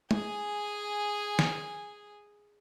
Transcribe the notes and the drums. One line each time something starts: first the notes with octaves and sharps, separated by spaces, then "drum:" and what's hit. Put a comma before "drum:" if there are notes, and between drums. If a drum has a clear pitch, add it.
G#4 G#5, drum: tom G#3
drum: snare